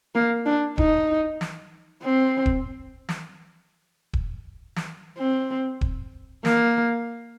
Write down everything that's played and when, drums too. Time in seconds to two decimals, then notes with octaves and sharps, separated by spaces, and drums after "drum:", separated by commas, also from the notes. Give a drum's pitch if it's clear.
0.15 A#3
0.46 D4
0.78 D#4, drum: kick D#1
1.41 drum: snare
2.03 C4
2.46 drum: kick D#1
3.09 drum: snare
4.13 drum: kick D#1
4.76 drum: snare
5.18 C4
5.81 drum: kick D#1
6.45 A#3, drum: snare